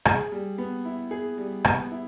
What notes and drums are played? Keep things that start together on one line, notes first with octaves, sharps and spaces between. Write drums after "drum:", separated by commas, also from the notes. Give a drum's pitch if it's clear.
G#4, drum: rim click
G3
B3
E4
G#4
G3
B3, drum: rim click
E4